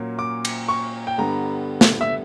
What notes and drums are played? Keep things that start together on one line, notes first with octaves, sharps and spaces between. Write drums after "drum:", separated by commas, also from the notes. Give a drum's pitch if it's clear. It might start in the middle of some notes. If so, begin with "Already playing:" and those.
Already playing: A#2 F#3 A#3 C#4
D6
drum: cymbal
C#6
G5
G2 D3 G3 B3 A#5
drum: snare
E5